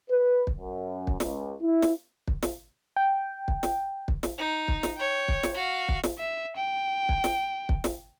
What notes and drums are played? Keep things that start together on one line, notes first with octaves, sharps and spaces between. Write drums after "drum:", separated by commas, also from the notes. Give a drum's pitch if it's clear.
B4
drum: kick
F#2
drum: kick
C#2, drum: snare
E4
drum: snare
drum: kick
drum: snare
G5
drum: kick
drum: snare
drum: kick
drum: snare
D#4
drum: kick
drum: snare
C#5 G5
drum: kick
drum: snare
F#4 F5
drum: kick
drum: snare
E5
G5
drum: kick
drum: snare
drum: kick
drum: snare